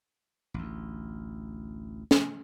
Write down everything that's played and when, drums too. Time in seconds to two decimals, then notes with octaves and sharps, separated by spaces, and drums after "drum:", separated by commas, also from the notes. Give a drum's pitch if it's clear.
0.54 A1 D2
2.11 drum: snare